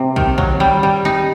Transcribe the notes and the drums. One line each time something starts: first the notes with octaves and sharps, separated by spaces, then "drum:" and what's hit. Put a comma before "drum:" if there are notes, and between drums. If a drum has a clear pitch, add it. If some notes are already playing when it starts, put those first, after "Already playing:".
Already playing: C3
D#3, drum: kick
F#3, drum: kick
G3
G3
D#4